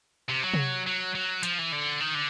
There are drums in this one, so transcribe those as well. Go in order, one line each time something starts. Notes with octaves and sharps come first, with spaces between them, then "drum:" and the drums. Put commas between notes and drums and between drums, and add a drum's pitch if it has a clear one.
C3
F#3
drum: tom C3
F#3
F#3
F3, drum: hi-hat
E3
D3
D#3
D3